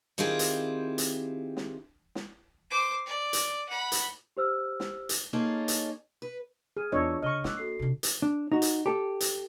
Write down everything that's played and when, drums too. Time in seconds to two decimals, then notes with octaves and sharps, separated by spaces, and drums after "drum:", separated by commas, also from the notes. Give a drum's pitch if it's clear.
0.18 D#3 C4 E4 F4 G4 G#4
0.39 drum: hi-hat
0.98 drum: hi-hat
1.57 drum: snare
2.15 drum: snare
2.70 C5 D6
3.06 D5
3.33 drum: hi-hat
3.69 F#5 B5
3.92 drum: hi-hat
4.37 G4 C5 E6 F6
4.80 drum: snare
5.09 drum: hi-hat
5.33 A#3 C#4 D#4 F4 G#4 A4
5.68 drum: hi-hat
6.22 B4
6.77 G#4 F6 D#7
6.92 E2 D4 F4 C#5 D#5 C#6 E6
7.22 C#3 D#5 C#6 F6 D#7 G7
7.44 A#3 D6 E6 F#6, drum: snare
7.57 F#4 A4 C7
7.79 C3 D4
8.03 drum: hi-hat
8.22 D4
8.52 D#4 F#4
8.62 drum: hi-hat
8.86 G4 A4
9.20 drum: hi-hat